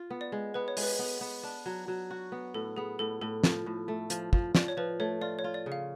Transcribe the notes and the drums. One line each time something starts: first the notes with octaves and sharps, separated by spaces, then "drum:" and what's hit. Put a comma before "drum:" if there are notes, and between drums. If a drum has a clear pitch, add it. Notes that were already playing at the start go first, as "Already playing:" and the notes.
Already playing: F4
B3
D5
G#3
B3 B4
C#5
G#3, drum: open hi-hat
B4
B3
B3
D4
F#3
F#3
F#4
B3
A2 A4
B3 G#4
A2 A4
A2 A4
F3, drum: snare
A2
A3
F3, drum: hi-hat
F3, drum: kick
F3 D5, drum: snare
C#5
F3 B4
A3 C#5
F4 D5
C#5
F4
D5
C#3
F5